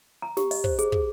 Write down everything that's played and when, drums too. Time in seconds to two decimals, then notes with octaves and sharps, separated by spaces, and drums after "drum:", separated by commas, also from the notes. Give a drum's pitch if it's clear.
0.22 A#5
0.37 G4, drum: snare
0.51 D#5, drum: open hi-hat
0.64 C5, drum: kick
0.79 G#4, drum: hi-hat
0.92 G#4, drum: kick